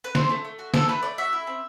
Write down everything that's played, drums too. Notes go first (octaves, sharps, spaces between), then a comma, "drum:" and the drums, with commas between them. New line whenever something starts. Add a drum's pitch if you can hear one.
B4
C4 C5, drum: snare
A3
A3
F#4
C4 A4, drum: snare
A3 B4
A3 D5
F#4 E5
E4
C4